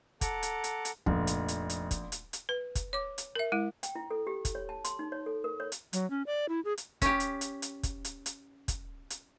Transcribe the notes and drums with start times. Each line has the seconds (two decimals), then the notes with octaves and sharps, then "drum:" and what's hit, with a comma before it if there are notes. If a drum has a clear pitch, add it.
0.21 A4 F#5 A#5 D6, drum: kick, hi-hat
0.43 drum: hi-hat
0.64 drum: hi-hat
0.85 drum: hi-hat
1.06 F1 A#1, drum: kick
1.27 drum: hi-hat
1.48 drum: hi-hat
1.70 drum: hi-hat
1.91 drum: kick, hi-hat
2.12 drum: hi-hat
2.33 drum: hi-hat
2.49 B4
2.75 drum: kick, hi-hat
2.93 C#5 D6
3.18 drum: hi-hat
3.35 A#4 E5
3.52 G#3 E4
3.83 G5, drum: hi-hat
3.95 E4
4.11 A4
4.27 G4
4.45 drum: kick, hi-hat
4.55 C#5
4.69 A5
4.85 C6, drum: hi-hat
4.99 D#4
5.12 C#5
5.26 A4
5.44 A#4
5.60 C#5
5.72 drum: hi-hat
5.93 F#3, drum: hi-hat
6.10 C#4
6.26 D5
6.49 E4
6.65 G#4
6.78 drum: hi-hat
7.02 C#4 G4, drum: kick, hi-hat
7.20 drum: hi-hat
7.41 drum: hi-hat
7.62 drum: hi-hat
7.83 drum: kick, hi-hat
8.05 drum: hi-hat
8.26 drum: hi-hat
8.68 drum: kick, hi-hat
9.10 drum: hi-hat